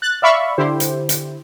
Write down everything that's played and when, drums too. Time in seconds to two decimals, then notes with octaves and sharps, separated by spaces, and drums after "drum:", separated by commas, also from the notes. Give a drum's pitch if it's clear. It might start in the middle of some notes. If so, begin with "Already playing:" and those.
0.02 F#6 A6
0.22 D5 E5 F5 B5 C#6
0.58 D3 E4 G4 C5
0.80 drum: hi-hat
1.09 drum: hi-hat